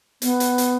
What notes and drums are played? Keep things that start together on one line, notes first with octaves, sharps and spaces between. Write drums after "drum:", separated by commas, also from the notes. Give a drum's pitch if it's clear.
B3, drum: hi-hat
drum: hi-hat
drum: hi-hat